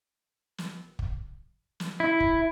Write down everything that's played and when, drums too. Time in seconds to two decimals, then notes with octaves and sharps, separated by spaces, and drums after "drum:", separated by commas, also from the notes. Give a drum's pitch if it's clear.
0.58 drum: snare
0.99 drum: kick
1.80 drum: snare
2.00 E4
2.20 drum: kick